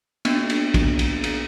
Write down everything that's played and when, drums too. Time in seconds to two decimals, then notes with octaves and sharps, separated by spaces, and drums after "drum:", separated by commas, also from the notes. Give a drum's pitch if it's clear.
0.25 A#3 B3 D4, drum: cymbal
0.50 drum: cymbal
0.74 drum: kick, cymbal
0.99 drum: cymbal
1.24 drum: cymbal